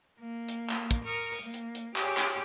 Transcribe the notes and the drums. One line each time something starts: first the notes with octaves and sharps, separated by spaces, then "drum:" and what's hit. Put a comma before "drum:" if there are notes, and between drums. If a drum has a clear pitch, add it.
A#3
drum: hi-hat
drum: clap
drum: kick, hi-hat
A#4 C#6 D#6 F6
drum: open hi-hat
A#3
drum: hi-hat
drum: hi-hat
G4 G#4 C#5, drum: clap
drum: clap